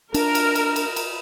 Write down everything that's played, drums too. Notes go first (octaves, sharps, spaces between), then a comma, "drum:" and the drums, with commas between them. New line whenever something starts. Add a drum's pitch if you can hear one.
D4 A#4, drum: cymbal
drum: cymbal
drum: cymbal
drum: cymbal
drum: cymbal